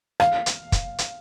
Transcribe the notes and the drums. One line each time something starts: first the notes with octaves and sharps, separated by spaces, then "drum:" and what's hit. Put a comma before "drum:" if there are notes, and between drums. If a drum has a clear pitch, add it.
F5, drum: rim click
drum: hi-hat
drum: kick, hi-hat
drum: hi-hat